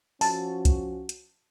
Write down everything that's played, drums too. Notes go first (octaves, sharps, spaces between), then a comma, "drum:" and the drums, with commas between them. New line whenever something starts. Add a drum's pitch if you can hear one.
F3 C#4 F#4 A5, drum: open hi-hat
drum: kick C2, hi-hat
drum: hi-hat